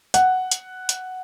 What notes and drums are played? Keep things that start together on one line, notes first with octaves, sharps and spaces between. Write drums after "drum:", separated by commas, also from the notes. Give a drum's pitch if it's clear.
F#5, drum: hi-hat
drum: hi-hat
drum: hi-hat